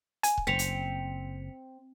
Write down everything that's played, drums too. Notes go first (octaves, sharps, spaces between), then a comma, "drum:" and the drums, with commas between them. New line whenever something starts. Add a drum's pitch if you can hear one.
G#5, drum: hi-hat
drum: kick C#1
F#1 C4 B6 C#7 F7
drum: hi-hat